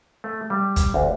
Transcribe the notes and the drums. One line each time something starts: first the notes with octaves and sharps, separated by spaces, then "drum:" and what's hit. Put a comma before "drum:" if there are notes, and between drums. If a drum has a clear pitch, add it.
A3
G3
drum: kick, hi-hat
D2